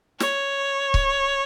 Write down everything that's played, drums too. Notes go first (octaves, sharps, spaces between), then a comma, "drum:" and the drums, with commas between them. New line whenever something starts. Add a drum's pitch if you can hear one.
C#5, drum: snare
drum: kick C#1